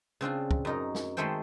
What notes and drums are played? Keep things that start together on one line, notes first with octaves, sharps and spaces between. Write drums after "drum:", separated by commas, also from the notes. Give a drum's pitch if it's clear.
C#3 C4 D4 F4
drum: kick
F#2 D#4 A#4
drum: snare
D#3 G#3 A3 A4 C5 G5